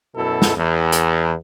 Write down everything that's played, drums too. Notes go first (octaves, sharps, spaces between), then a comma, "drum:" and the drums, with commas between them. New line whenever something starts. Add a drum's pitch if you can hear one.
F#2 B2 E4 A4
drum: snare
E2
drum: hi-hat